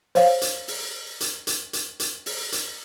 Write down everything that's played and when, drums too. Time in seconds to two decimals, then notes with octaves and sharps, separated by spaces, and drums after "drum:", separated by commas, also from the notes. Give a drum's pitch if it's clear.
0.15 C5 C#5 F5, drum: open hi-hat
0.41 drum: hi-hat
0.68 drum: open hi-hat
1.21 drum: hi-hat
1.47 drum: hi-hat
1.73 drum: hi-hat
2.00 drum: hi-hat
2.26 drum: open hi-hat
2.52 drum: hi-hat